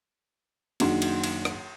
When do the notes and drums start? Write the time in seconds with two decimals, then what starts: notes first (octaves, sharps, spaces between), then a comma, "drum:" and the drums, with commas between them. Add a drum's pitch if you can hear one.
0.80 F#1 D#3 D4 F#4 F#5 C6, drum: cymbal
1.02 drum: cymbal
1.24 drum: cymbal
1.45 drum: rim click